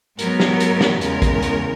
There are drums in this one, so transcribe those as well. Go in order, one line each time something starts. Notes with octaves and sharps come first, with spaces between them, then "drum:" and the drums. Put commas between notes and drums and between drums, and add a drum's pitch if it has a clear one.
G#2 F#3 B3 A#4, drum: hi-hat
drum: snare
drum: hi-hat
drum: snare
E2 C#3 G#3 A#4, drum: hi-hat
drum: kick, hi-hat
drum: hi-hat